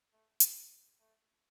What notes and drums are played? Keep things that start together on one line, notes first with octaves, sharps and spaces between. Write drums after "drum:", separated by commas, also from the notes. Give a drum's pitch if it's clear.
A3
drum: hi-hat
A3